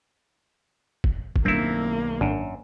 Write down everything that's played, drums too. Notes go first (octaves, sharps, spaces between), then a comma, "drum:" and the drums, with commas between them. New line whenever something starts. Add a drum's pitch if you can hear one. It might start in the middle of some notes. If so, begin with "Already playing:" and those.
drum: kick
drum: kick
B1 G2 D#3 A#3 C4 E4
G#1 F#2 D4